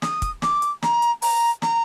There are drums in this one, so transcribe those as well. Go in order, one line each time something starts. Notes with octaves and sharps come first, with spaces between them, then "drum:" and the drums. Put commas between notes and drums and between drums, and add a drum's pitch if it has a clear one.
D#6, drum: snare
drum: kick, hi-hat
D6, drum: snare
drum: hi-hat
A#5, drum: snare
drum: hi-hat
A#5, drum: open hi-hat
A#5, drum: snare